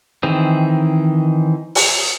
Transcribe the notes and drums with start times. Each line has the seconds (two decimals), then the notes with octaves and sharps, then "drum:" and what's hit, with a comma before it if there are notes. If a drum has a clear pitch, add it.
0.23 D#3 E3 C4 G#4
1.75 drum: open hi-hat